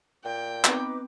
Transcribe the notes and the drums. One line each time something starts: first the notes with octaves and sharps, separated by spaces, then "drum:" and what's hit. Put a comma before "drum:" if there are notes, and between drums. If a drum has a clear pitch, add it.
A#2 G5
B3 C4 D#4 B4 D6, drum: clap